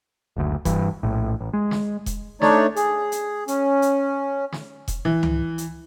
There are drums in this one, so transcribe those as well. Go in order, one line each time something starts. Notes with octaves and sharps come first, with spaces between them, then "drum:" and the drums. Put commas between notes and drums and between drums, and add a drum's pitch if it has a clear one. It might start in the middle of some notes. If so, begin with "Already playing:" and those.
F#1 D2
G2 E3, drum: kick E1, hi-hat
A#1 A2
A1
G#3
drum: snare
drum: kick E1, hi-hat
A3 D4 D#4 C#5 D5, drum: snare
G#4, drum: hi-hat
drum: hi-hat
C#4, drum: hi-hat
drum: hi-hat
drum: snare
drum: kick E1, hi-hat
E3
drum: tom C#2
drum: hi-hat